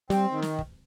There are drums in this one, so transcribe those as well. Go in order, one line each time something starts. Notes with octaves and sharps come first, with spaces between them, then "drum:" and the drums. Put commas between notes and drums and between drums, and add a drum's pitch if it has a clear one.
G3 C4, drum: snare
D#3
drum: snare
drum: kick